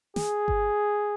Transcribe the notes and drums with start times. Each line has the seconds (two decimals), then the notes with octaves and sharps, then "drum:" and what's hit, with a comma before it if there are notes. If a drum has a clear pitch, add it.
0.16 G#4, drum: snare
0.48 drum: kick G1